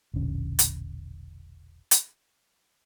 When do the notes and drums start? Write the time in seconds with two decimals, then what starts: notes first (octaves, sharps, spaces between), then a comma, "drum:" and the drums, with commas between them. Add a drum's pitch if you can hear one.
0.14 E1 A#1 D3 C#4
0.59 drum: hi-hat
1.91 drum: hi-hat